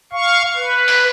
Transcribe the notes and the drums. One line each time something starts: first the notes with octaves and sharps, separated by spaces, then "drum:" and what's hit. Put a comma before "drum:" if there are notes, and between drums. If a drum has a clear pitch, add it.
F5 C#6
B4
drum: open hi-hat